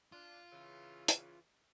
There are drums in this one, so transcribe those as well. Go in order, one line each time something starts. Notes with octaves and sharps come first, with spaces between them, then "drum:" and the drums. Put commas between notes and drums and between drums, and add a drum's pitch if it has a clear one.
D4 F4
C#3 E3
drum: hi-hat